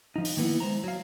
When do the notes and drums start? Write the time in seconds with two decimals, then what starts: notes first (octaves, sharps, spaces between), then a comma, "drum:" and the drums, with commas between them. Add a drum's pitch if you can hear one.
0.16 F3 D#4
0.25 drum: open hi-hat
0.37 D#3 A#3 B3 D#4 E4
0.60 G#3 C5 A#5
0.84 F#3 F5